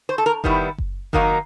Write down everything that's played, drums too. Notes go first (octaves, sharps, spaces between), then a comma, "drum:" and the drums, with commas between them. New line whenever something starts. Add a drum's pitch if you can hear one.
C5
A4
A#4
D#3 G3 B3 E4, drum: kick F#1
drum: kick F#1
D#3 F#3 A#3 D#4, drum: kick F#1